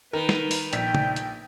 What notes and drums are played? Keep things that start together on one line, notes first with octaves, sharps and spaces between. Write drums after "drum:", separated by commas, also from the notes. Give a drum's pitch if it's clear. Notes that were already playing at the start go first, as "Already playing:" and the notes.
D#3 A#4 B4
drum: snare
drum: open hi-hat
A#1 G5 B6, drum: hi-hat
drum: tom
drum: hi-hat